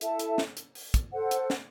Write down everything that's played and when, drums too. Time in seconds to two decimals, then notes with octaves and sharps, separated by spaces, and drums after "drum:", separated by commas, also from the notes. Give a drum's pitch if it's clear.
0.01 E4 A4 E5 A5, drum: hi-hat
0.19 drum: hi-hat
0.38 drum: snare
0.57 drum: hi-hat
0.75 drum: open hi-hat
0.94 drum: kick, hi-hat
1.13 A4 C5 F#5
1.31 drum: hi-hat
1.50 drum: snare